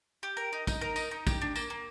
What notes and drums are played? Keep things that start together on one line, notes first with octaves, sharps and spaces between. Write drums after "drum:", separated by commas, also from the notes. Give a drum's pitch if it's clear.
G4
A#4
D#4
D#4, drum: kick, tambourine
A#4
D#4, drum: tambourine
D#4
G4, drum: kick, tambourine
D4
A#3, drum: tambourine
A#3